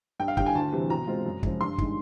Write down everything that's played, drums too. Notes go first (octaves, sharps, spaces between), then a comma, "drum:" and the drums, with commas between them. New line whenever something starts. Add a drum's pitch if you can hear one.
G2 G5
F5
D3 G3 G5, drum: kick
G#5
D2 A5
C3 E3 G3 C4
B2 A#5
G#3 C4 F4
F#2
C#3 F3 G#3, drum: kick
G2 C6
D#3 G#3, drum: kick